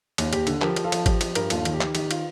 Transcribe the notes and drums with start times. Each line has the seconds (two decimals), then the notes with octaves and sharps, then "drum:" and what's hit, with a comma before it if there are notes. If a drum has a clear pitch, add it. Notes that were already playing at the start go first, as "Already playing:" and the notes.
0.18 D#2, drum: cymbal
0.33 D#2 G4, drum: cymbal
0.47 D3, drum: cymbal
0.61 F3 G4 A#4, drum: clap
0.76 F3, drum: cymbal
0.84 F4 A4
0.92 F3, drum: cymbal
1.06 F3 G4, drum: kick G#1, cymbal
1.21 F3 G4, drum: cymbal
1.35 G2 G4 A#4, drum: cymbal
1.50 D#2 F4 A4, drum: cymbal
1.65 D#3, drum: cymbal
1.73 G4
1.81 D#3, drum: clap
1.95 D#3 G4, drum: cymbal
2.11 F4, drum: cymbal